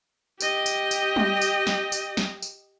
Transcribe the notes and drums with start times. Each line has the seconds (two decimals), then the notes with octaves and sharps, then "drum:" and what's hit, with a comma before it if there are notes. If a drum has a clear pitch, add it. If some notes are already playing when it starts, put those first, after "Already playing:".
0.41 G4 D#5, drum: tambourine
0.66 drum: tambourine
0.91 drum: tambourine
1.16 drum: tom G3
1.42 drum: tambourine
1.67 drum: snare
1.92 drum: tambourine
2.17 drum: snare
2.43 drum: tambourine